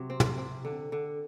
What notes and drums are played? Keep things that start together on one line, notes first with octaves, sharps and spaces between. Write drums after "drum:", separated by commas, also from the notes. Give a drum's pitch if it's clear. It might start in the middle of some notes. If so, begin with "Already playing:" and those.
Already playing: C3 F#3
C4
drum: tom
C4
D3
D3